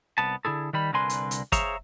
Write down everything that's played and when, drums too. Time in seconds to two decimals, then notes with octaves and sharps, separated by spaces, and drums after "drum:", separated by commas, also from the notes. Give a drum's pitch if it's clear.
0.18 C2 B3 A5
0.45 D3 E4 G#4 A4
0.73 D#3 G3 B5
0.93 C2 D3 A#4 B4 G#5 C6
1.10 drum: hi-hat
1.31 drum: hi-hat
1.52 G#4 C5 C#5 E5 F5 A#5, drum: kick, hi-hat